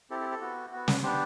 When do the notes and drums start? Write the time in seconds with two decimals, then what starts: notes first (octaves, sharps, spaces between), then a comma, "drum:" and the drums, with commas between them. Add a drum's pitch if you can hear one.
0.10 C4 E4 G4 A4
0.21 A4
0.31 A4
0.41 B3 F#4
0.72 B3 F#4
0.88 drum: snare
1.03 B3 D4 G4 C5